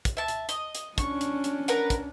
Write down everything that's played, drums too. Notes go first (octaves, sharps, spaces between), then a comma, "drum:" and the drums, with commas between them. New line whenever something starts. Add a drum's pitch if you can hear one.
drum: kick, hi-hat
E5 A5
drum: hi-hat
D#5, drum: hi-hat
drum: hi-hat
C#4 D4 C#6, drum: kick, hi-hat
drum: hi-hat
drum: hi-hat
A#4 B4 F#5, drum: hi-hat
drum: kick, hi-hat